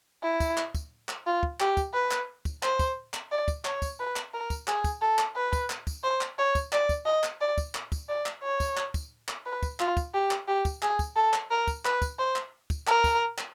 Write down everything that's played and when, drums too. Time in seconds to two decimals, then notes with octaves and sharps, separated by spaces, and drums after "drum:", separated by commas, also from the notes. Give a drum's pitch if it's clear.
0.23 E4
0.40 drum: kick, tambourine
0.57 drum: clap
0.75 drum: kick, tambourine
1.09 drum: clap
1.26 F4
1.43 drum: kick
1.60 G4, drum: clap
1.77 drum: kick, tambourine
1.94 B4
2.11 drum: clap
2.45 drum: kick, tambourine
2.63 C5, drum: clap
2.79 drum: kick, tambourine
3.14 drum: clap
3.31 D5
3.48 drum: kick, tambourine
3.65 C#5, drum: clap
3.82 drum: kick, tambourine
3.99 B4
4.16 drum: clap
4.34 A#4
4.50 drum: kick, tambourine
4.68 G#4, drum: clap
4.84 drum: kick, tambourine
5.01 A4
5.19 drum: clap
5.36 B4
5.53 drum: kick, tambourine
5.70 drum: clap
5.87 drum: kick, tambourine
6.04 C5
6.21 drum: clap
6.39 C#5
6.55 drum: kick, tambourine
6.73 D5, drum: clap
6.89 drum: kick, tambourine
7.06 D#5
7.24 drum: clap
7.41 D5
7.58 drum: kick, tambourine
7.75 drum: clap
7.92 drum: kick, tambourine
8.09 D5
8.26 drum: clap
8.43 C#5
8.60 drum: kick, tambourine
8.77 drum: clap
8.94 drum: kick, tambourine
9.28 drum: clap
9.46 B4
9.63 drum: kick, tambourine
9.80 F4, drum: clap
9.97 drum: kick, tambourine
10.14 G4
10.31 drum: clap
10.48 G4
10.65 drum: kick, tambourine
10.82 G#4, drum: clap
10.99 drum: kick, tambourine
11.16 A4
11.33 drum: clap
11.51 A#4
11.68 drum: kick, tambourine
11.85 B4, drum: clap
12.02 drum: kick, tambourine
12.19 C5
12.36 drum: clap
12.70 drum: kick, tambourine
12.87 A#4, drum: clap
13.04 drum: kick, tambourine
13.38 drum: clap